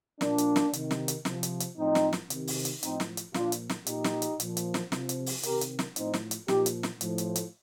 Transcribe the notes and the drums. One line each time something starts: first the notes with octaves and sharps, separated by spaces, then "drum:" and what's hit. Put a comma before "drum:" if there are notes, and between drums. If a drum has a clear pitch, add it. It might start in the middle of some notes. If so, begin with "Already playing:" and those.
A#2 F3 A#3 D4, drum: snare
drum: hi-hat
drum: snare
C3 D#3, drum: hi-hat
drum: snare
drum: hi-hat
C3 F3, drum: snare
drum: hi-hat
drum: hi-hat
A2 F3 C4 D#4
drum: snare
drum: snare
C3 D#3, drum: hi-hat
drum: open hi-hat
drum: hi-hat
A2 F3 C4 D#4, drum: hi-hat
drum: snare
drum: hi-hat
A#2 F3 D4 F4, drum: snare
drum: hi-hat
drum: snare
A#2 F3 D#4 G4, drum: hi-hat
drum: snare
drum: hi-hat
A#2 F3, drum: hi-hat
drum: hi-hat
drum: snare
C3 F3, drum: snare
drum: hi-hat
drum: open hi-hat
C3 D#3 G4 A#4, drum: hi-hat
drum: hi-hat
drum: snare
A2 F3 C4 D#4, drum: hi-hat
drum: snare
drum: hi-hat
A#2 F3 D#4 G4, drum: snare
drum: hi-hat
drum: snare
A2 F3, drum: hi-hat
drum: hi-hat
drum: hi-hat